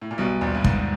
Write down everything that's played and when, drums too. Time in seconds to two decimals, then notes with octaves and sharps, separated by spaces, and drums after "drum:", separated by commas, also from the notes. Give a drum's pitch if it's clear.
0.02 A2
0.11 A#2
0.18 B1 B2 G3
0.41 A#1 D#2 A#2
0.55 G2
0.64 D#2 G#2, drum: kick